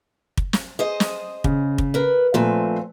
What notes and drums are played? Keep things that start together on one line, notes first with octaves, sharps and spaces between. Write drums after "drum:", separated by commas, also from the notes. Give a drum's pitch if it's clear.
drum: kick
drum: snare
G#4 C5 D#5
drum: snare
C#3, drum: kick
drum: kick
A#4 B4
A#2 F3 A3 C4 B4 G#5